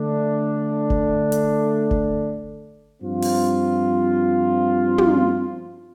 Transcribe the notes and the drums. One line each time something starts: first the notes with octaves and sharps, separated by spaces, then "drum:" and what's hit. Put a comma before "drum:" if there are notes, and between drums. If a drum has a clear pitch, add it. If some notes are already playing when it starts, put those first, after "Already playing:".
Already playing: D3 A3 D4
drum: kick F#1
drum: hi-hat
drum: kick F#1
G2 F3 C4 F4
drum: open hi-hat
drum: tom